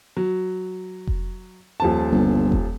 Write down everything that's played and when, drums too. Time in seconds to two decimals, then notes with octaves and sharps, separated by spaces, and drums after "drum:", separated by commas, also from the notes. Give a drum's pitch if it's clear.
0.17 F#3
1.07 drum: kick F1
1.80 D#1 F3 A5
2.12 G1
2.52 drum: kick F1